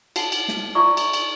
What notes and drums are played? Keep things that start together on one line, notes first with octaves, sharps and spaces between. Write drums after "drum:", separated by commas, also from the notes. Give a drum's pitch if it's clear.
F#4 F#5 A5, drum: cymbal
drum: cymbal
drum: snare
F4 D5 E5 A#5 C#6 D#6
drum: cymbal
drum: cymbal